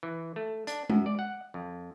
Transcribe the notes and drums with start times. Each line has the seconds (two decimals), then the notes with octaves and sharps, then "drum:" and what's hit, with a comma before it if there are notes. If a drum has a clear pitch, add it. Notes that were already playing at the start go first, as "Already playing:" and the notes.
0.03 E3
0.36 A3
0.67 D4, drum: hi-hat
0.90 F#2, drum: tom G#3
1.06 D5
1.19 F#5
1.54 F2